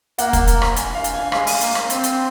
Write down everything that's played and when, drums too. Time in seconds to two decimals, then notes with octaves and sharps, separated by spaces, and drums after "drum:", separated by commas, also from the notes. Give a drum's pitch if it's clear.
0.18 A#3 F#5, drum: hi-hat
0.33 drum: kick, hi-hat
0.47 drum: hi-hat
0.62 drum: rim click
0.76 G#5, drum: hi-hat
0.95 F5
1.04 drum: hi-hat
1.14 G#5
1.32 G#3 F5, drum: rim click
1.47 drum: open hi-hat
1.61 A#3, drum: hi-hat
1.75 drum: rim click
1.90 C4, drum: hi-hat
2.04 drum: hi-hat